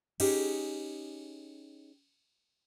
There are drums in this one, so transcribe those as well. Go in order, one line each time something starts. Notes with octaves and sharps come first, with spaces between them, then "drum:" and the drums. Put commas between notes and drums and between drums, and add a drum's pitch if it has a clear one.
C#4 D#4 G4 G#4, drum: cymbal